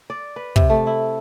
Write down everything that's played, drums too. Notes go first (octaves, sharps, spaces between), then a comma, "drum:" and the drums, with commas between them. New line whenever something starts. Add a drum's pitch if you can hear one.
D5
B4
C3, drum: kick
A3
E4